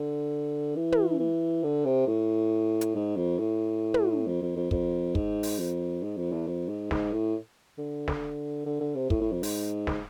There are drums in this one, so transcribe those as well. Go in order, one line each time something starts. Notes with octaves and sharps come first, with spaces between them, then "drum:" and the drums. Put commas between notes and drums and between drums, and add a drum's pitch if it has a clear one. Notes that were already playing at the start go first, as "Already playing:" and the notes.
Already playing: D3
E3
drum: tom
E3
D3
C3
A2
drum: hi-hat
G#2
F2
A2
drum: tom
F2
F2
F2
F2, drum: kick
G#2, drum: kick
drum: open hi-hat
F2
G#2
F2
E2
F2
G#2
G#2, drum: snare
A2
D3
drum: snare
D3
D3
C3
A2, drum: kick
A2
F2
G#2, drum: open hi-hat
drum: snare